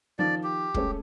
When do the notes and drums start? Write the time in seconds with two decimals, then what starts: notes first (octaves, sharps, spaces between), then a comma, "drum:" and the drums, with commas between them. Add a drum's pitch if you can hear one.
0.19 D#3 F3 D5
0.43 G4
0.74 G#3 A3 C#4, drum: kick